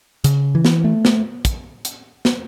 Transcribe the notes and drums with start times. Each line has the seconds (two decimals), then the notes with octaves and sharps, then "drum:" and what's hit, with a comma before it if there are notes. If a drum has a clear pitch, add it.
0.24 C#3, drum: hi-hat
0.55 E3
0.65 drum: snare
0.84 A3
1.05 drum: snare
1.45 drum: kick, hi-hat
1.85 drum: hi-hat
2.25 drum: snare